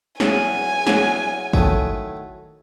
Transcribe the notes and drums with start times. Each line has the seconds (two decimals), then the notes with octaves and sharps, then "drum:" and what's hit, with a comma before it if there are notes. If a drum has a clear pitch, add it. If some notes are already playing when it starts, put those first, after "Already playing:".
0.20 E2 C#3 F#3 G#5, drum: snare
0.87 E2 C#3 F#3, drum: snare
1.53 D#3 F#3 A3 E4, drum: kick